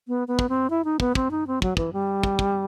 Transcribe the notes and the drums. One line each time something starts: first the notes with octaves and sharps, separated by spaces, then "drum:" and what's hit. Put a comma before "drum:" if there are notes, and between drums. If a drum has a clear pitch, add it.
B3
B3
drum: kick
C4
E4
D#4
B3, drum: kick
C4, drum: kick
D#4
C4
F#3, drum: kick
E3, drum: kick
G3
drum: kick
drum: kick